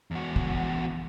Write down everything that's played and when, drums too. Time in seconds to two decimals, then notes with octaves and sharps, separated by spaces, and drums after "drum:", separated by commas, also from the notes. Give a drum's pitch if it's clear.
0.11 E2 F#4
0.36 drum: kick